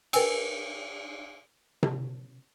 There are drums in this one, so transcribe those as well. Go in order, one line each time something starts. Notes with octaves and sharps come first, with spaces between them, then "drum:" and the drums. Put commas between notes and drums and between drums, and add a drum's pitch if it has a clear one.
A#4 B4 G5 G#5 E6, drum: cymbal
drum: tom C3